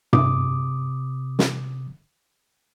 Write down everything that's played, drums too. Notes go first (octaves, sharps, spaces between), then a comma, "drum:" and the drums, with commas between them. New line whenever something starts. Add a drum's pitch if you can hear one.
C3 D6 D#6, drum: tom G2
drum: snare